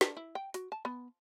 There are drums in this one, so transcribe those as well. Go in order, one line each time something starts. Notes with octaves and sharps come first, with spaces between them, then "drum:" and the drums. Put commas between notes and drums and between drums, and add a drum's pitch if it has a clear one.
D4, drum: snare
E4
G5
F#4, drum: hi-hat
A5
B3